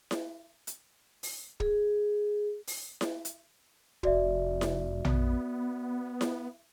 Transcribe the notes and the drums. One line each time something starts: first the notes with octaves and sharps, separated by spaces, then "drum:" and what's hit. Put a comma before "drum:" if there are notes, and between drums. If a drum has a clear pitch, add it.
drum: snare E4
drum: hi-hat
drum: open hi-hat
G#4, drum: kick
drum: open hi-hat
drum: snare E4
drum: hi-hat
F1 F#4 D5 E5, drum: kick
drum: snare E4
B3, drum: tom A#1
drum: snare E4